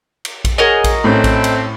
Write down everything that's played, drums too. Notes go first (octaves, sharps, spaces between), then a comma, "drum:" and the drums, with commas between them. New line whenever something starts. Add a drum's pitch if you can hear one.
drum: cymbal
drum: kick A#1, cymbal
F#4 G#4 A#4 C#5 D#5
drum: kick A#1, cymbal
A2 A3 C4 C#4
drum: kick A#1, cymbal
drum: cymbal